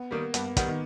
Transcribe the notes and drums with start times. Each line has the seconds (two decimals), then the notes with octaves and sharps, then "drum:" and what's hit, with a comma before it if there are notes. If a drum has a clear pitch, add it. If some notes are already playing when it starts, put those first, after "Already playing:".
Already playing: B3
0.11 D#3 G3 A#3
0.34 G2 B3, drum: hi-hat
0.57 D#3 G3 B3, drum: kick, hi-hat
0.68 D#3